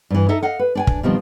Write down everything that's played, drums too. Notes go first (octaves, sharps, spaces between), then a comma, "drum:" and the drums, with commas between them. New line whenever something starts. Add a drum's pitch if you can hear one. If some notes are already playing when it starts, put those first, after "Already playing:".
G2 E3
D#4 A4 D#5 E5
D#5 F5 F#5
B4
D4 G5 G#5
drum: kick
B2 D#3 F3 G3 C4